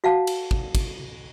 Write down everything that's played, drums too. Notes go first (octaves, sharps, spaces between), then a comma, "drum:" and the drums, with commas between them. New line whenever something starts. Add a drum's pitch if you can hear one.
F#4 F5 F#5 A5
drum: cymbal
drum: kick
drum: kick, cymbal